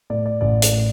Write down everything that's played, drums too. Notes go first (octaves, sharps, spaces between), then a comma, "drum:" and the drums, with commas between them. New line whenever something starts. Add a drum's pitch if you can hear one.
A2 D5
D5
A1 D5
drum: hi-hat
A2